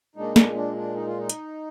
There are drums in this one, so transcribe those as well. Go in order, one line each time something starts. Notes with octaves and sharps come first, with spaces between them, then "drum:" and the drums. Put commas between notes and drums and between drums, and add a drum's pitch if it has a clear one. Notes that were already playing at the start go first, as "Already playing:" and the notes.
A#2 G#3 D4 D#4
D4, drum: snare
D4
D4
D#4
F4
D#4
drum: hi-hat